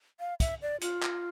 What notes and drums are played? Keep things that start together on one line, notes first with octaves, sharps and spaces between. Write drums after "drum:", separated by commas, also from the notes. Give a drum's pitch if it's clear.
F5
E5, drum: kick, hi-hat
D5
F4, drum: hi-hat
drum: clap